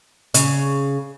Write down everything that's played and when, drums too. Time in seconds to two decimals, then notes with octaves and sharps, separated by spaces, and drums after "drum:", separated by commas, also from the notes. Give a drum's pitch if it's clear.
0.34 C#3, drum: hi-hat